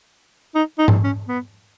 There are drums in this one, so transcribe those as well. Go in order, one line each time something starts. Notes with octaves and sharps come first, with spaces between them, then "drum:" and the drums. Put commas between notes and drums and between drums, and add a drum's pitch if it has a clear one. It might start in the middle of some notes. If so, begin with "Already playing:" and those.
D#4
D#4
drum: tom G#2
C#4
B3